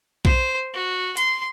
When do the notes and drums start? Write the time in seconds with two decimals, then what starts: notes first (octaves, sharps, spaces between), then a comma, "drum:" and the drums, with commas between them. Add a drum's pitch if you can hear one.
0.25 C5, drum: kick B1
0.74 F#4
1.17 C6, drum: hi-hat